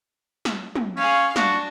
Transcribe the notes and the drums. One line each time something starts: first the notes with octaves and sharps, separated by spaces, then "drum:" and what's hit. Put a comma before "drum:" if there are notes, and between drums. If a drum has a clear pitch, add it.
drum: snare
drum: tom
C#4 G#4 F5
D4 F#4, drum: snare